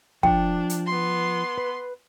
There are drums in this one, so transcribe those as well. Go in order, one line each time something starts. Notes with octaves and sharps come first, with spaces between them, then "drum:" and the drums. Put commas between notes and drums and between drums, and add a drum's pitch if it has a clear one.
F3 D4 G5, drum: kick
drum: hi-hat
B3 C6
B4